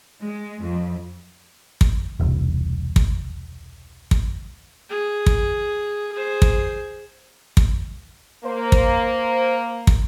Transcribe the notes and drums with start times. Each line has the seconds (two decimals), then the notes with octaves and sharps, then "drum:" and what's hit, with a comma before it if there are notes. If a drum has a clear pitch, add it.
0.23 G#3
0.62 F2
1.81 drum: kick
2.20 E1 C2
2.96 drum: kick
4.11 drum: kick
4.90 G#4
5.26 drum: kick
6.13 G#4 C5
6.42 drum: kick
7.57 drum: kick
8.45 A#3 C5
8.72 drum: kick
9.87 drum: kick